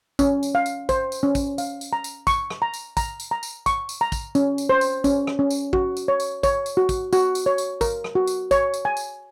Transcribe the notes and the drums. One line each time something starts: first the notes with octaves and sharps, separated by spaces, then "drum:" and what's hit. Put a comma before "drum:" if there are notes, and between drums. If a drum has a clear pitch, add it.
C#4, drum: kick, tambourine
drum: tambourine
F5
drum: tambourine
C5, drum: kick, tambourine
drum: tambourine
C#4
drum: kick, tambourine
F5, drum: tambourine
drum: tambourine
A#5
drum: tambourine
C#6, drum: kick, tambourine
drum: rim click
A#5
drum: tambourine
A#5, drum: kick, tambourine
drum: tambourine
A#5
drum: tambourine
C#6, drum: kick, tambourine
drum: tambourine
A#5
drum: kick, tambourine
C#4, drum: tambourine
drum: tambourine
C5
drum: tambourine
C#4, drum: kick, tambourine
drum: rim click
C#4
drum: tambourine
F#4, drum: kick
drum: tambourine
C#5
drum: tambourine
C#5, drum: kick, tambourine
drum: tambourine
F#4
drum: kick, tambourine
F#4, drum: tambourine
drum: tambourine
C#5
drum: tambourine
A#4, drum: kick, tambourine
drum: rim click
F#4
drum: tambourine
C#5, drum: kick, tambourine
drum: tambourine
G#5
drum: tambourine